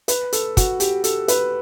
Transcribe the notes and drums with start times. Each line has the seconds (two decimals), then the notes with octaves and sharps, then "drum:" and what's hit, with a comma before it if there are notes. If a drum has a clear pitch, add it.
0.08 B4, drum: hi-hat
0.33 A4, drum: hi-hat
0.57 F#4, drum: kick, hi-hat
0.80 G4, drum: hi-hat
1.04 A4, drum: hi-hat
1.28 B4, drum: hi-hat